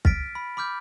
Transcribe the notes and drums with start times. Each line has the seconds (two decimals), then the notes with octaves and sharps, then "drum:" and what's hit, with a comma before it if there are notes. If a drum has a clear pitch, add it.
0.05 F6 A6 B6 D7, drum: kick
0.35 B5
0.57 B5 D6 F6 G6